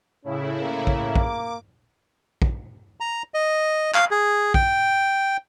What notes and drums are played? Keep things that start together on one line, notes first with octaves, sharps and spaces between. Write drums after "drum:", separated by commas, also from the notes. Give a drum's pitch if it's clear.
A2 C#3 C#4 E4
A#3
drum: kick
D6, drum: kick
drum: kick
A#5
D#5
F5, drum: clap
G#4
G5, drum: kick